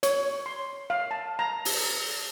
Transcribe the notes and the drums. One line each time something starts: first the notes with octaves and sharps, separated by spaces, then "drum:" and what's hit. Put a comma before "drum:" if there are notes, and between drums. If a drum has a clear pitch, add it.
C#5, drum: hi-hat
C6
F5
A5
A#5
drum: open hi-hat